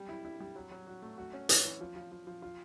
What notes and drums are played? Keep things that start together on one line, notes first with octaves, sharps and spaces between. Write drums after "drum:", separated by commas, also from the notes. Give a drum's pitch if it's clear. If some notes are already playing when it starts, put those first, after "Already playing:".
Already playing: G3
E4
E4
G3
F#3
F#3
F#4
A3
F#4
C#4
C#4, drum: hi-hat
E3
F3
F3
F3
F3
F4